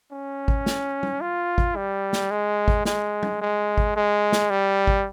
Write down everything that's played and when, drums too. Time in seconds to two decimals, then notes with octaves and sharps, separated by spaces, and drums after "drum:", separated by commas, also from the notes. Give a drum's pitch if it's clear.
0.11 C#4
0.48 drum: kick G#1
0.66 drum: snare
1.03 drum: tom
1.21 F4
1.58 drum: kick G#1
1.76 G3
2.13 drum: snare
2.31 G#3
2.68 drum: kick G#1
2.85 G#3, drum: snare
3.23 drum: tom
3.41 G#3
3.78 drum: kick G#1
3.96 G#3
4.33 drum: snare
4.50 G3
4.87 drum: kick G#1